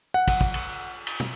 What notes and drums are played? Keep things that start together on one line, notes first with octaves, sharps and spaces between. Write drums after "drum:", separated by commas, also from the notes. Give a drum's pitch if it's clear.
F#5
drum: kick, cymbal
drum: kick
drum: cymbal
drum: cymbal
drum: tom